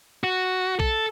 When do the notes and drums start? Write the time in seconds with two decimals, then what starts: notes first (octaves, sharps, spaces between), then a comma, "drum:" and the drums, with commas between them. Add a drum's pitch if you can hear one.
0.24 F#4
0.80 A4, drum: kick B1